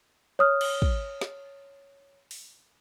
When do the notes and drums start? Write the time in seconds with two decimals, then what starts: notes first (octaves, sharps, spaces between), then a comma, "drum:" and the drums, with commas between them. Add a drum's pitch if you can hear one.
0.39 C#5 D#6 F6
0.61 drum: cymbal
0.82 drum: kick
1.21 drum: snare
2.31 drum: open hi-hat